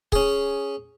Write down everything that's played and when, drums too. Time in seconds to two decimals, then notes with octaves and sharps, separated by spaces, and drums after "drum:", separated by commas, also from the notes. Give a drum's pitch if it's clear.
0.12 C#4 G#4, drum: kick C#1